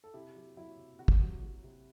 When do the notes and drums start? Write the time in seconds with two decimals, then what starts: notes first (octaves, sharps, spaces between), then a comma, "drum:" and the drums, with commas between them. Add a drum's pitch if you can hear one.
0.04 A4
0.14 C3 E4 G4
0.36 F#3
0.57 F#3 E4
0.78 C3
0.99 C3 F#4
1.08 drum: kick
1.21 F#3
1.43 F#3
1.64 C3